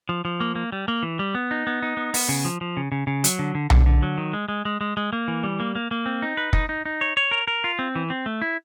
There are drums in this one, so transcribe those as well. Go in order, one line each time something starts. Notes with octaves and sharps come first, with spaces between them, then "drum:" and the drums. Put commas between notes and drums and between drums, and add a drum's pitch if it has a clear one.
F3
F3
A#3
A#3
G3
A#3
E3
G3
B3
D#4
B3
D#4
B3
B3, drum: open hi-hat
C#3
F3
F3
C#3
C#3
C#3
F#3, drum: hi-hat
D3
D3
D3, drum: tom B1
D3
F#3
D#3
G#3
G#3
G#3
G#3
G#3
A#3
E3
G3
A#3
A#3
A#3
C4
D#4
B4
D#4, drum: kick
D#4
D#4
C#5
C#5
A#4
A#4
F4
C4
E3
C4
A3
E4